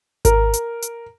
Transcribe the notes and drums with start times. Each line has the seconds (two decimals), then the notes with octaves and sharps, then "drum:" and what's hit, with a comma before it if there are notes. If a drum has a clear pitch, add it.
0.25 A#4, drum: kick G#1, hi-hat
0.53 drum: hi-hat
0.82 drum: hi-hat